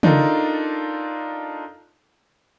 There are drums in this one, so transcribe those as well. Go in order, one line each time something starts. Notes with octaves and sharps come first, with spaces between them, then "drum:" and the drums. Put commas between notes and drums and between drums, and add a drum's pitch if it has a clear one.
D4 D#4 F4 A4 A#4, drum: tom C#3